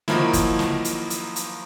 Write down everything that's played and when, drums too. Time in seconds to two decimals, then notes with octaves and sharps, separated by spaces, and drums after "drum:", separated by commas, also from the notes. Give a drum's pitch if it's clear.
0.08 D#3 F3 F#3 A#3 E4, drum: snare
0.33 drum: kick, hi-hat
0.59 drum: snare
0.85 drum: hi-hat
1.10 drum: hi-hat
1.36 drum: hi-hat